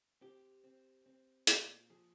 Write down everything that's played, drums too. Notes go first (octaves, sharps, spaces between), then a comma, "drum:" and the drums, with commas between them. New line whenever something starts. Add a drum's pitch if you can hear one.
C4 G4
C4
C4
A#2, drum: hi-hat
F3 G#4